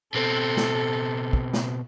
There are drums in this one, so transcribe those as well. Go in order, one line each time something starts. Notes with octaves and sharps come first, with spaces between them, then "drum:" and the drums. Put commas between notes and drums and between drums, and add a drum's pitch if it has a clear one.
B2 C4 A4
drum: snare
drum: kick
drum: snare